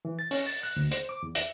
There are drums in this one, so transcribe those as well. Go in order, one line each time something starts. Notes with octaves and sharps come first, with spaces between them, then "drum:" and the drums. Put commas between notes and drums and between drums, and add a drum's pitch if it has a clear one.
E3
A6
C#4, drum: open hi-hat
A6
F#6
D2
C5, drum: hi-hat
D6
E2
E5, drum: hi-hat